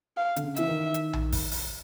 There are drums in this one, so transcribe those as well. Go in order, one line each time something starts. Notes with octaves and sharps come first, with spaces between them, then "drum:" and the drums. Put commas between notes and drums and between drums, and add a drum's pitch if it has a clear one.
F5
D3, drum: hi-hat
C#3
E3 E5, drum: hi-hat
D#3
drum: hi-hat
drum: tom A#1
drum: kick G#1, open hi-hat
drum: open hi-hat